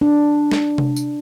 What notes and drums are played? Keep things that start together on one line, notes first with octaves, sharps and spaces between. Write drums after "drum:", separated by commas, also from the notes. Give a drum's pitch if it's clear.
D4
drum: snare
drum: tom C3
drum: tambourine